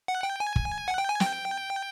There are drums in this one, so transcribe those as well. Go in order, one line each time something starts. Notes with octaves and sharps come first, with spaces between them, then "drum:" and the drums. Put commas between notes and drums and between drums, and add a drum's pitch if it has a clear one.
F#5
G5
G#5
drum: kick
F#5
G5
G#5
G5, drum: snare